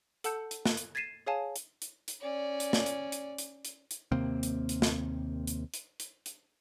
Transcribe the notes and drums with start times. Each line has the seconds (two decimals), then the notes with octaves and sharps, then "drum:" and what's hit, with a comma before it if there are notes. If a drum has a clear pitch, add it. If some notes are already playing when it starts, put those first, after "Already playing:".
0.24 A4 F#5 A5 E6 G6 C#7, drum: hi-hat
0.51 drum: hi-hat
0.65 F#6, drum: snare
0.77 drum: hi-hat
0.95 G#6 A6 B6 C7 D#7 E7
1.27 G#4 C#5 F5 G#5 A5
1.56 drum: hi-hat
1.82 drum: hi-hat
2.08 drum: hi-hat
2.21 C#4 D5
2.60 drum: hi-hat
2.73 drum: snare
2.86 drum: hi-hat
3.12 drum: hi-hat
3.38 drum: hi-hat
3.65 drum: hi-hat
3.91 drum: hi-hat
4.12 D#2 C3 A#3 C4
4.43 drum: hi-hat
4.69 drum: hi-hat
4.82 drum: snare
5.47 drum: hi-hat
5.74 drum: hi-hat
6.00 drum: hi-hat
6.26 drum: hi-hat